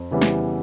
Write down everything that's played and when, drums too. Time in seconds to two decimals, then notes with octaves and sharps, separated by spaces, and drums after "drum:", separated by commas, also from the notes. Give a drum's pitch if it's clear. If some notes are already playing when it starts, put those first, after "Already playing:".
Already playing: F2
0.11 C#3 E3 G3 B3
0.21 drum: snare